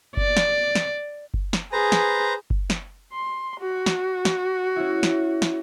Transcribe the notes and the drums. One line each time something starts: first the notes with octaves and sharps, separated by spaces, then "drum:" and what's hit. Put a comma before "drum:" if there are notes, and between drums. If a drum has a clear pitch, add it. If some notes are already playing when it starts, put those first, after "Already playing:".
D5, drum: kick F#1
drum: snare
drum: snare
drum: kick F#1
drum: snare
G#4 B4 C5 A#5
drum: snare
drum: kick F#1
drum: snare
C6
F#4
drum: snare
drum: snare
C#4 E4
drum: snare
drum: snare